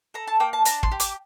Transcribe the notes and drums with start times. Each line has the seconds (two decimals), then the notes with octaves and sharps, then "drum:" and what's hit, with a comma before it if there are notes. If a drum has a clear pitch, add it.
0.14 A4 A#5
0.27 A5
0.40 A#3 G5
0.53 A5
0.65 D4 A#5, drum: hi-hat
0.83 C6, drum: kick
0.91 G4
1.00 D6, drum: hi-hat